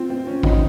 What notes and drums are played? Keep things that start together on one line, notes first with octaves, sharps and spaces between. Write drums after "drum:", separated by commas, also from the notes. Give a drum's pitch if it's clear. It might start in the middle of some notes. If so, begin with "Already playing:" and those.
Already playing: C4 F4
C4
C#4
D#4, drum: kick G#1